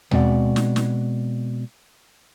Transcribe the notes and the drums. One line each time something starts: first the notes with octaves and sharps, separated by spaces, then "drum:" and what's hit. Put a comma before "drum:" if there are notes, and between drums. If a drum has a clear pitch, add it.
B2 G#3 C4 F#4 D5 F#5, drum: tom D#2
drum: snare
drum: snare